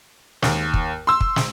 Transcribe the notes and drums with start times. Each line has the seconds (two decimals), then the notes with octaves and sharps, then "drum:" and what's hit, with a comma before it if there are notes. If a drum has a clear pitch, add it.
0.42 D#2, drum: snare
0.74 drum: kick
1.07 C6 E6
1.21 drum: kick
1.36 drum: snare